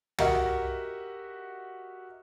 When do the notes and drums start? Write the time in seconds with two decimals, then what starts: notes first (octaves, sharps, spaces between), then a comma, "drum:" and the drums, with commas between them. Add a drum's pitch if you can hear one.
0.19 F#4 G4 A#4 D#5 E5 F#5, drum: tom